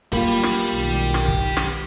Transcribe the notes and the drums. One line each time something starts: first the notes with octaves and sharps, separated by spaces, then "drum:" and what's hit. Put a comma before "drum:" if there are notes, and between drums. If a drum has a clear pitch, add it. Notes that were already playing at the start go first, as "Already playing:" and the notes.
A#3 F4 G4 B5, drum: kick
drum: snare
B1 D#3
drum: snare
drum: kick
drum: snare